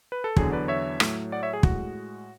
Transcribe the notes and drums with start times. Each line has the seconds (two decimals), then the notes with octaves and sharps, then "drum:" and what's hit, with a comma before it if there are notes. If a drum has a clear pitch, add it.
0.12 B4
0.24 A4
0.37 E2 D3 F#3 G#4, drum: kick
0.52 B4 D5
0.68 C#5 E5
1.00 A2 F#3 A3, drum: rim click
1.32 D5 F#5
1.43 C#5 E5
1.53 G#4
1.63 A2 G#3 F#4, drum: kick